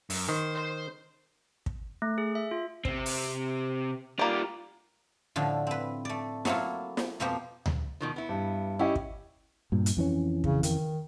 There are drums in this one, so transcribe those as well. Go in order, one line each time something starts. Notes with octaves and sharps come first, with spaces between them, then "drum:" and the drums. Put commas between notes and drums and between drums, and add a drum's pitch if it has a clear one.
F#2, drum: open hi-hat
D#3 C5
C5 C6
drum: kick
A3
G#4
E5
F4
C3 C4, drum: kick
drum: open hi-hat
G3 A#3 F4 G4
A2 D3 F3
C4 B4
A3 D5
F#3 A3 A#3 E4 F4, drum: snare
drum: snare
F2 B2 F3 A#3 G4 C5
drum: tom D2
B2 D#3 F3
B3 E4
G2
C#4 E4 G4 D#5
drum: kick
G2 A#2
drum: hi-hat
F2 E3 C#4
C#3, drum: kick
D#3, drum: hi-hat